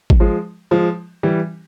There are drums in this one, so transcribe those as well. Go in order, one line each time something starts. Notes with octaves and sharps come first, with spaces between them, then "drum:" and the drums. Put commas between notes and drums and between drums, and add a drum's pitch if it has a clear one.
drum: kick G#1
F3 G#3
F3 G#3
E3 G3